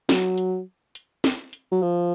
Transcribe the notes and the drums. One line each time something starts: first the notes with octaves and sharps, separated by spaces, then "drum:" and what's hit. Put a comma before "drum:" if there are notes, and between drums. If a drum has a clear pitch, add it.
F#3, drum: snare
drum: hi-hat
drum: hi-hat
drum: snare
drum: hi-hat
F#3
F3